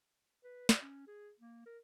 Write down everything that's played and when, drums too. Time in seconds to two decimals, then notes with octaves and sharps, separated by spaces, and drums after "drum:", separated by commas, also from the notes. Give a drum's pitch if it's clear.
0.44 B4
0.69 D5, drum: snare
0.82 C#4
1.07 G#4
1.40 A#3
1.66 A#4